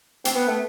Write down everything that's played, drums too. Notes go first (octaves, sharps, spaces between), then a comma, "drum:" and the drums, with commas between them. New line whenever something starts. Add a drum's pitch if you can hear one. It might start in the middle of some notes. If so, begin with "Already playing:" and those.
C4, drum: hi-hat
B3
A3